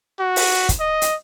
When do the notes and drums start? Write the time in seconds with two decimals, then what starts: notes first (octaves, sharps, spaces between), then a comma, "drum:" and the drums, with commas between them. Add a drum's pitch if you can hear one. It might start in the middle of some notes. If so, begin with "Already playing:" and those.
0.20 F#4
0.36 drum: open hi-hat
0.69 drum: kick, hi-hat
0.80 D#5
1.02 drum: hi-hat